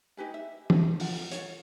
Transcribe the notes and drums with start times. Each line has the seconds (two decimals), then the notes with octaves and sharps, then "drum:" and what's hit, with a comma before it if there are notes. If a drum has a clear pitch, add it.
0.17 D#4 G4 B4 G#5
0.34 E5
0.70 drum: tom
1.00 F4 F#5, drum: open hi-hat
1.31 C#5, drum: hi-hat